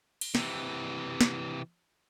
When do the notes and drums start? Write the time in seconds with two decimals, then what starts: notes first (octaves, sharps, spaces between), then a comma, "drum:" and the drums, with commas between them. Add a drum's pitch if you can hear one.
0.21 drum: cymbal
0.35 C3 E3, drum: snare
1.21 drum: snare